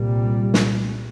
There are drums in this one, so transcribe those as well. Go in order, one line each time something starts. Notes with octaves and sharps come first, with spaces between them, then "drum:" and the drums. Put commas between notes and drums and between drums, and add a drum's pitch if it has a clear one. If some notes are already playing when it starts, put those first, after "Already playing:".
Already playing: C2 A#2 G3
drum: snare